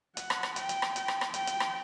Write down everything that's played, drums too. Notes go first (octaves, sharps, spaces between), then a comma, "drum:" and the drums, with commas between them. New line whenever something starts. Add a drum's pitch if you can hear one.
F#5, drum: hi-hat
drum: rim click
drum: rim click
G5, drum: hi-hat
drum: hi-hat
drum: rim click
G5, drum: hi-hat
drum: rim click
drum: rim click
G5, drum: hi-hat
drum: hi-hat
drum: rim click